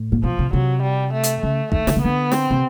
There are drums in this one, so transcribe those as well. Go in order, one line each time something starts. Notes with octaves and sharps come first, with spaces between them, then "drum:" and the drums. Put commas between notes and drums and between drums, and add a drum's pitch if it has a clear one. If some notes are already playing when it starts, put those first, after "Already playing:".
Already playing: A2
A#2
B2 F3
C3
C3 F#3
G3
A3
drum: hi-hat
C#3 A3
D#3 A3, drum: kick
D3, drum: snare
C#3
D3 B3
C4, drum: snare
C3